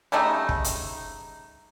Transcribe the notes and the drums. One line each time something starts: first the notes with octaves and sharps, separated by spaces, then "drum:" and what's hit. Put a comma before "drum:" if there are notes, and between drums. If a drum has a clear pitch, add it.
C#3 G3 A3 D#4
drum: kick
drum: hi-hat